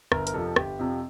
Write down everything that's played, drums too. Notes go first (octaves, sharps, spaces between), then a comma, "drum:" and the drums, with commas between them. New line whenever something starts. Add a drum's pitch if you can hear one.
G1 A#4, drum: rim click
A#4, drum: hi-hat
F2 C3 F3 A4
G1 G4, drum: rim click
F2 C3 F3